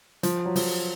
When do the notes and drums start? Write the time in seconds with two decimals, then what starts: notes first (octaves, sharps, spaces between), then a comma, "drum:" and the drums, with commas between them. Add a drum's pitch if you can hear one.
0.23 F3, drum: hi-hat
0.45 F#3
0.56 F3, drum: open hi-hat